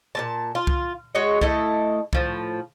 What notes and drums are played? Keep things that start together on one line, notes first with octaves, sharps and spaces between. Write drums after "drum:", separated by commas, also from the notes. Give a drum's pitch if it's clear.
A#2 C4 A5
F4
drum: kick C2
G#3 F#4 C#5 D#5
A3 E4 A4 D#5, drum: kick C2
A2 F3, drum: kick C2